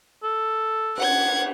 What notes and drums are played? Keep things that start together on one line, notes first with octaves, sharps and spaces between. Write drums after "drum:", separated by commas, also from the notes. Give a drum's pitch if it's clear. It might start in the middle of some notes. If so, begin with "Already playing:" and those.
A4
F#5 G#6, drum: cymbal